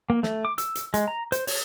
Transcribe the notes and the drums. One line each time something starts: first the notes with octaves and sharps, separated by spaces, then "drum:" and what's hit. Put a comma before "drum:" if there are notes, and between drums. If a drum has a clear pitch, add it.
A#3
A3, drum: snare
D6
E6, drum: hi-hat
drum: hi-hat
G#3, drum: hi-hat
A#5
C5, drum: hi-hat
C#5, drum: open hi-hat